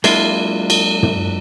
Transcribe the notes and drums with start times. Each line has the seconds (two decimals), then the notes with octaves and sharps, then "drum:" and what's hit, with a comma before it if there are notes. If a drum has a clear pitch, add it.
0.04 F#3 G#3 A#3 D4 E4 F4, drum: cymbal
0.70 drum: cymbal
1.03 drum: tom